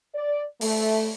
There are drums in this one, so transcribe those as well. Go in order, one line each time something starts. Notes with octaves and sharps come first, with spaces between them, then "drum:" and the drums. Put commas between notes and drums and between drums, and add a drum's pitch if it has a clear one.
D5
A3, drum: open hi-hat